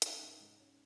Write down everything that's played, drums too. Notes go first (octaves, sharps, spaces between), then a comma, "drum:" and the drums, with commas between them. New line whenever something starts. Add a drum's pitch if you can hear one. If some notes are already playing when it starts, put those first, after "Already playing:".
C#4 D#4 F#4, drum: hi-hat
G#2
G#3
C#4